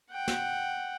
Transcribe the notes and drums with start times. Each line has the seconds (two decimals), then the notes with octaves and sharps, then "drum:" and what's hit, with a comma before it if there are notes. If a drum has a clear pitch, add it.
0.12 F#5 G5
0.28 drum: snare